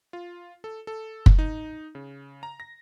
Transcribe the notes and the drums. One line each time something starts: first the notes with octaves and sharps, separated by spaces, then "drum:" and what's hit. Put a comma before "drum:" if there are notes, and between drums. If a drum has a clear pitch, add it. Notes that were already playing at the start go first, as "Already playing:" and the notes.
F4
A4
A4
drum: kick
D#4
C#3
A#5
A#6